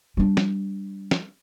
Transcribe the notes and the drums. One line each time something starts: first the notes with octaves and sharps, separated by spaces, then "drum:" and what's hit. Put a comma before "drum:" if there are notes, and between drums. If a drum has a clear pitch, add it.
G3 D4
drum: snare
drum: snare